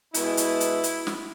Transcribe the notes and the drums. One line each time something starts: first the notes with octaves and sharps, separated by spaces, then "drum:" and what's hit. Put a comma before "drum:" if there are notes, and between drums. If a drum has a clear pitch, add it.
B2 G#3 B3 E4, drum: hi-hat
drum: hi-hat
drum: hi-hat
drum: hi-hat
drum: snare